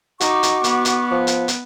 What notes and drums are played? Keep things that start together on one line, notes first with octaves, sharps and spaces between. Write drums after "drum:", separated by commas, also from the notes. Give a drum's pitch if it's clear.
D#4 F#4 C#6 D6, drum: hi-hat
drum: hi-hat
B3, drum: hi-hat
drum: hi-hat
F3
drum: hi-hat
drum: hi-hat